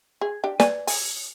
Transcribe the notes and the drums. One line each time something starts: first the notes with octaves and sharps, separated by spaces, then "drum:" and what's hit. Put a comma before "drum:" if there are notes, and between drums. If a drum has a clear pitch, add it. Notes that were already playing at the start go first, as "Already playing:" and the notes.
G#4
D4 G4
B4 D5 G#5, drum: snare
G#5, drum: open hi-hat